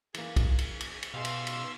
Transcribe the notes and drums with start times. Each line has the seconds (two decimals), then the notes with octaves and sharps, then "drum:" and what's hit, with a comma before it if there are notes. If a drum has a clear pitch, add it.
0.14 E3 A#3 G#4, drum: cymbal
0.36 drum: kick, cymbal
0.58 drum: cymbal
0.80 drum: cymbal
1.03 drum: cymbal
1.14 B2 G4 G#4 E5 F5 C6 E6
1.25 drum: cymbal
1.47 drum: cymbal